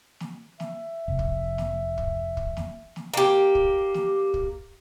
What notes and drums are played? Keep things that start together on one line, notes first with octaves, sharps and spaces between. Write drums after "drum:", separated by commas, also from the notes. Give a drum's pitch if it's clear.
drum: snare
E5, drum: snare
F1
drum: kick
drum: snare
drum: kick
drum: kick
drum: snare
drum: snare
A#3 G4
drum: kick
drum: snare
drum: kick